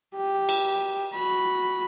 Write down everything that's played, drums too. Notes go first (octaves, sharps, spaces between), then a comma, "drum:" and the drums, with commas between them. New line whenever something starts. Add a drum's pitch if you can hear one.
G4
drum: cymbal
F#4 B5